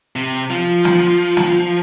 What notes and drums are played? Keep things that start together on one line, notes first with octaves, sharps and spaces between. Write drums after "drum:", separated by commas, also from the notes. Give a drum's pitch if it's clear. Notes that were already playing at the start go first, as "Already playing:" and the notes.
C3
F3
drum: snare
drum: snare